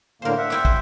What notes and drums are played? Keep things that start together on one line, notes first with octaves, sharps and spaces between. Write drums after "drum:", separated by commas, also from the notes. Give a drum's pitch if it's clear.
A2 D3 A#3 A#4 C5
E5 F#5
C4 E4 G4
C5, drum: kick